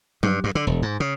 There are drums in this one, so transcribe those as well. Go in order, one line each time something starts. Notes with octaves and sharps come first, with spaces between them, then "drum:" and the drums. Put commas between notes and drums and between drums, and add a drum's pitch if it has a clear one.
G2, drum: tom F#3
G2
D3
E1
G#2
C#3